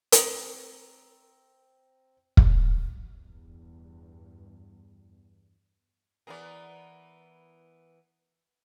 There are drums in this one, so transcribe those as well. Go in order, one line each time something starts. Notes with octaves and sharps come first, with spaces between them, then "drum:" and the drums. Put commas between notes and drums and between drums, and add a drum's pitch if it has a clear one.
C4 A#5, drum: hi-hat
drum: kick
E2 G2
E3 B3 G#4 A#4 D5